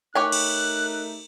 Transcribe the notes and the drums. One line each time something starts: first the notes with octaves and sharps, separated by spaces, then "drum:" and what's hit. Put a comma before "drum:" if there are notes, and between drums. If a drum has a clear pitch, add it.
A3 D#4 G4 A#4 C#5 G#5 F#6
drum: cymbal